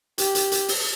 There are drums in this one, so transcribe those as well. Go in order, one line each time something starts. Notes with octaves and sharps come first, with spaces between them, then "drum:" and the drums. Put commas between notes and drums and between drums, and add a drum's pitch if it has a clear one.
G4, drum: hi-hat
drum: hi-hat
drum: hi-hat
drum: open hi-hat